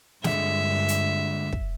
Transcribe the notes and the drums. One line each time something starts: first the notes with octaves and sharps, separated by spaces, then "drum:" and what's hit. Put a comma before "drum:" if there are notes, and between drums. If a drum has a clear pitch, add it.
G2 D3 G#3 E5, drum: snare
drum: hi-hat
drum: kick